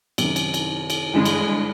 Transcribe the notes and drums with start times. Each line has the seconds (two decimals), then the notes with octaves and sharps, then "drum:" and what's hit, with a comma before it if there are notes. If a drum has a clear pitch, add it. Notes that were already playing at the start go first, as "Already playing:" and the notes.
0.18 F#2 C3 D#3, drum: cymbal
0.36 drum: cymbal
0.54 drum: cymbal
0.90 drum: cymbal
1.14 G2 D3 E3 G#3
1.25 drum: cymbal